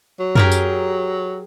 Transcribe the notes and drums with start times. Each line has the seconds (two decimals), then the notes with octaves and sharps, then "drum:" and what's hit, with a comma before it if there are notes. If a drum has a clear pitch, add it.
0.20 F#3
0.35 G4 G#4 A#4, drum: tom F#2
0.52 drum: tambourine